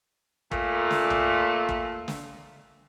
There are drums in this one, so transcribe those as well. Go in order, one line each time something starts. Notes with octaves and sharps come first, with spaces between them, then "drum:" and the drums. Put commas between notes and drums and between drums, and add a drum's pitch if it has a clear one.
A#2 A3, drum: kick
drum: snare
drum: tom B1
drum: kick
drum: snare